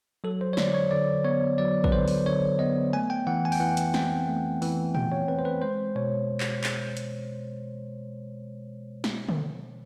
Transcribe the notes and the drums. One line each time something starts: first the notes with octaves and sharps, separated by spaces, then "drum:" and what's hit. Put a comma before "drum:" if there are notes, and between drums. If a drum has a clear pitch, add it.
F#3 A4
C5
C#5
D3 D5, drum: snare
C#5
D3 D5
B3 C#5
F#3 D5
B4, drum: kick
D3 C5
drum: open hi-hat
D3 C#5
B3 D#5
A3 G#5
G5
E3 F#5
G#5
G5, drum: open hi-hat
E3 F#5
drum: hi-hat
C4 G5, drum: snare
A3
E3, drum: open hi-hat
E3 G5, drum: tom A#2
C#5
C4 B4
C5
B4
G#3 C5
B2 C#5
drum: clap
drum: clap
drum: hi-hat
drum: snare
drum: tom D3